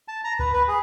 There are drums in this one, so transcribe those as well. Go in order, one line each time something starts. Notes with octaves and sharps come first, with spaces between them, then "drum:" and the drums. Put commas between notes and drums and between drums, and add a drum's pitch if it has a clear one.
A5
A#5
B4, drum: kick C#2
B4
G#4